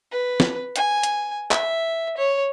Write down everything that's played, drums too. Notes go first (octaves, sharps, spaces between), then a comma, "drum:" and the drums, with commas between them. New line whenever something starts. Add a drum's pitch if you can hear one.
B4
drum: snare
G#5, drum: hi-hat
drum: hi-hat
E5, drum: clap
C#5